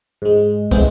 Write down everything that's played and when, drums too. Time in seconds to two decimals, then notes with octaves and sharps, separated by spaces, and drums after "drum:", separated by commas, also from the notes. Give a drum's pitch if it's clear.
0.22 G#2 G#3
0.71 D3 E3 G#3 B3 C4, drum: kick